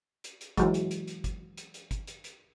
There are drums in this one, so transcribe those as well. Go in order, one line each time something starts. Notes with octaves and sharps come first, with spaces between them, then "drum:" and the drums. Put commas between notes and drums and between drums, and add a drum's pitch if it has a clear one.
drum: hi-hat
drum: hi-hat
E3 F#3 G#3, drum: kick G1, hi-hat
drum: hi-hat
drum: hi-hat
drum: hi-hat
drum: kick G1, hi-hat
drum: hi-hat
drum: hi-hat
drum: kick G1, hi-hat
drum: hi-hat
drum: hi-hat